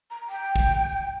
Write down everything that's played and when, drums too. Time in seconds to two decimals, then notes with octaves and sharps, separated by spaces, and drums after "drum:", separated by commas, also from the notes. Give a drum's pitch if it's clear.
0.11 A#5
0.29 G5, drum: tambourine
0.56 drum: kick, tambourine
0.82 drum: tambourine